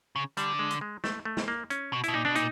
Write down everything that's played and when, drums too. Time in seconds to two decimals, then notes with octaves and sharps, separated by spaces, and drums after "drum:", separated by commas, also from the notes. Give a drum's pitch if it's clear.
0.16 C#3
0.37 D3 G3, drum: hi-hat
0.59 G#3
0.70 drum: hi-hat
0.81 G#3
1.04 A3, drum: snare
1.25 A3
1.37 drum: snare
1.48 A#3
1.70 C#4, drum: hi-hat
1.93 B2
2.04 B2 E4, drum: hi-hat
2.14 A#2 D#4
2.25 B2 D4
2.35 A#2 D#4, drum: hi-hat